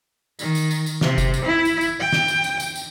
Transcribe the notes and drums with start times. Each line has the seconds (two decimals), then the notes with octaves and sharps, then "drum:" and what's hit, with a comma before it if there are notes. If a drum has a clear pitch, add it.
0.39 D#3, drum: tambourine
0.55 drum: tambourine
0.71 drum: tambourine
0.86 drum: tambourine
1.01 C3, drum: snare
1.18 drum: kick F#1, tambourine
1.34 drum: tambourine
1.44 E4
1.65 drum: tambourine
1.81 drum: tambourine
2.00 G5
2.12 drum: snare
2.28 drum: tambourine
2.44 drum: tambourine
2.60 drum: tambourine
2.76 drum: tambourine